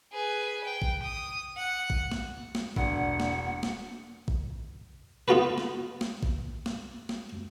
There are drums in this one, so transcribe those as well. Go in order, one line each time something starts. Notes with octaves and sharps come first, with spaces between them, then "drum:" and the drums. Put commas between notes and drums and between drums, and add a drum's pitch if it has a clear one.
G#4 B4
G5
drum: kick A1
D#6
F#5
drum: kick A1
drum: snare
drum: snare
E1 D4 F#5, drum: kick A1
drum: snare
drum: snare
drum: kick A1
B3 D#4 F4 F#4 A4 B4
drum: snare
drum: snare
drum: kick A1
drum: snare
drum: snare